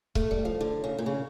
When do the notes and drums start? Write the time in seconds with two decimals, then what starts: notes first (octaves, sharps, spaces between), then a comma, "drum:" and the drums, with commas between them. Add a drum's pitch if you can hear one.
0.15 A3, drum: kick
0.31 G3
0.45 F3
0.61 D3
0.84 C#3
0.99 A#2
1.06 C#3